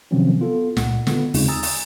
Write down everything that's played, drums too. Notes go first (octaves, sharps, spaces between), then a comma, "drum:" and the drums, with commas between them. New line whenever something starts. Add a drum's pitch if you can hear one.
C3 D#3 F3 F#3 C4 C#4
B3 F4 A4
C#2 A#2 F#5, drum: snare
D3 B3 F4, drum: snare
D#2 C#3 G#3 C4 D#4 F4, drum: open hi-hat
G#5 A#5 D#6 E6 A6
drum: open hi-hat